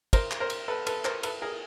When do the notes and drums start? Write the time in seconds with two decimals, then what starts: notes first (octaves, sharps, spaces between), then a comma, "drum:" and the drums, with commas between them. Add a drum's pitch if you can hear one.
0.13 A#4 C5, drum: kick, cymbal
0.31 drum: clap
0.40 A#4 C5
0.50 drum: cymbal
0.68 A4 B4
0.87 A4 B4, drum: cymbal
1.05 A#4 C5, drum: clap
1.23 A4 B4, drum: cymbal
1.42 G#4 A#4